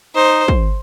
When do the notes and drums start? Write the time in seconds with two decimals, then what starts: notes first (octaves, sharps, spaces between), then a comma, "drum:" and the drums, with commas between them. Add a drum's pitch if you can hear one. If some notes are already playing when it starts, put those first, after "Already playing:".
0.15 D#4 C5
0.48 drum: kick